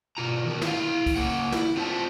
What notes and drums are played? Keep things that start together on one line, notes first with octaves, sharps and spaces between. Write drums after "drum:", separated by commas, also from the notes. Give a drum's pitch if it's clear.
B2 F4 A#5
D#3 B3 A#4
E4 F5, drum: snare
drum: kick, open hi-hat
C#3 A#3 C#5 F#5
E4, drum: snare
C4 D4 F4 C5 E5 A5